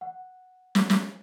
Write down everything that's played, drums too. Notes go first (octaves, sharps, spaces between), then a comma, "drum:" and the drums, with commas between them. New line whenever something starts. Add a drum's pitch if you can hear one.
F#5
drum: snare
drum: snare